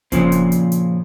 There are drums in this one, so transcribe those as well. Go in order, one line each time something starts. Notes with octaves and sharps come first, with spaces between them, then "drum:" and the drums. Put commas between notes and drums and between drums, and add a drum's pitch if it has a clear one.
A#2 C#3 F3 C4, drum: kick E1, hi-hat
drum: hi-hat
drum: hi-hat
drum: hi-hat